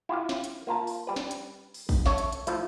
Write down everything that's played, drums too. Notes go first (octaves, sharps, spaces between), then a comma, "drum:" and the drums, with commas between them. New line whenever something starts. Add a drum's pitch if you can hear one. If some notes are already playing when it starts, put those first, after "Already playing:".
E4 F4 G4 F5
drum: snare
drum: hi-hat
A#3 F4 A#4 A5
drum: open hi-hat
G3 G4 B4
drum: snare
drum: hi-hat
drum: open hi-hat
drum: kick, open hi-hat
A4 C#5 E5, drum: snare
drum: hi-hat
drum: hi-hat
F3 A3 E4 F4, drum: hi-hat